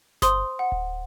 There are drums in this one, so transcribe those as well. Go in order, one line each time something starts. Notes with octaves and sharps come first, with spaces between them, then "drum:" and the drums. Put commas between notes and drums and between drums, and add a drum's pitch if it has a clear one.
C5 C6 D#6, drum: snare G1
F#5
drum: kick D1